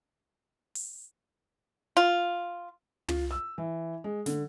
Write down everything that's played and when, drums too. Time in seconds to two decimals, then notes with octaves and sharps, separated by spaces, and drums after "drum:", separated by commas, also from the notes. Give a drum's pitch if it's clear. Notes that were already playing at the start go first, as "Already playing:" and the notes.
0.75 drum: open hi-hat
1.97 F4
3.08 F4, drum: tom
3.31 E6
3.58 E3
4.04 G#3
4.26 D3, drum: snare